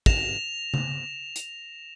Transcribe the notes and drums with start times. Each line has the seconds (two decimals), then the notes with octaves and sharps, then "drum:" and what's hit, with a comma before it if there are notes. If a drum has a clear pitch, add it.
0.06 A#6 E7 F7, drum: kick
0.74 drum: tom C#3
1.36 drum: hi-hat